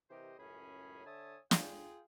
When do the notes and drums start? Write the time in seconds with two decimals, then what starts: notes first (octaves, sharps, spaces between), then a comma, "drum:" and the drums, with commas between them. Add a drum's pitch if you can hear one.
0.10 C3 E3 G4 A#4 C5 D#5
0.39 C#2 F#2 A2 C#4 G#4 B5
1.06 D3 C#5 E5 G#5 A5 D#6
1.51 F4 G#4 G5, drum: snare